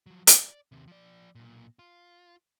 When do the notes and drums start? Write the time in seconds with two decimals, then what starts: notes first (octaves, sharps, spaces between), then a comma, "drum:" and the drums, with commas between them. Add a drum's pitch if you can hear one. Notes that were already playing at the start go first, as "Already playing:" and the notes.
0.06 F3 F#3
0.27 D5, drum: hi-hat
0.72 D#2 C3
0.88 F3 D5
1.35 B1 A#2
1.79 F4